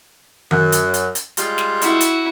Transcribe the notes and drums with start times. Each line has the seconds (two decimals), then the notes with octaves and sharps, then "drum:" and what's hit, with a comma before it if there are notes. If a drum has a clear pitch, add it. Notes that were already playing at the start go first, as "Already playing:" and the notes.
0.51 F#2, drum: tom D#3
0.72 drum: hi-hat
0.94 drum: hi-hat
1.15 drum: hi-hat
1.37 G3 G#3 F4, drum: hi-hat
1.58 drum: snare
1.82 E4 F#4, drum: hi-hat
2.01 drum: hi-hat